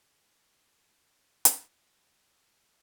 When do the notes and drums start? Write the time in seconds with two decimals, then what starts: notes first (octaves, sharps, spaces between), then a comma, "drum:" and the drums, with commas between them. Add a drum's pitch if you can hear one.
0.18 A3
0.62 F5
1.04 D#4 B4
1.45 drum: hi-hat
1.75 D#4 E5
2.16 G#4